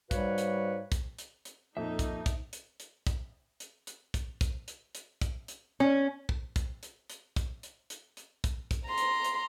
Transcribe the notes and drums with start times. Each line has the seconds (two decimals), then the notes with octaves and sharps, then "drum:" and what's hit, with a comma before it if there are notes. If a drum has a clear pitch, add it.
0.11 G#2 G3 F#4 B4 C#5 F5, drum: kick, hi-hat
0.38 drum: hi-hat
0.92 drum: kick, hi-hat
1.18 drum: hi-hat
1.45 drum: hi-hat
1.77 F2 A#2 D#4 A4 E5
1.99 drum: kick, hi-hat
2.26 drum: kick, hi-hat
2.53 drum: hi-hat
2.80 drum: hi-hat
3.07 drum: kick, hi-hat
3.60 drum: hi-hat
3.87 drum: hi-hat
4.14 drum: kick, hi-hat
4.41 drum: kick, hi-hat
4.68 drum: hi-hat
4.95 drum: hi-hat
5.21 drum: kick, hi-hat
5.48 drum: hi-hat
5.80 C#4
6.29 drum: kick
6.56 drum: kick, hi-hat
6.83 drum: hi-hat
7.10 drum: hi-hat
7.36 drum: kick, hi-hat
7.63 drum: hi-hat
7.90 drum: hi-hat
8.17 drum: hi-hat
8.44 drum: kick, hi-hat
8.71 drum: kick, hi-hat
8.86 A#5 C6
8.98 drum: hi-hat
9.24 drum: hi-hat